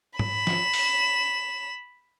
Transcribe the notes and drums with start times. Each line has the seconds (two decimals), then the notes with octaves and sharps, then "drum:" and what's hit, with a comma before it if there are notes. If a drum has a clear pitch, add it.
0.19 B5 E7, drum: tom
0.47 drum: snare
0.74 drum: open hi-hat